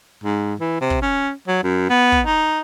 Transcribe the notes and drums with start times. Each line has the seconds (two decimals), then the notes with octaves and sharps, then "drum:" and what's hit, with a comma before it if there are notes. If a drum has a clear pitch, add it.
0.24 G#2
0.60 E3
0.81 C3
0.90 drum: kick
1.02 C#4
1.48 F#3
1.64 F#2
1.89 B3
2.12 drum: kick
2.26 D#4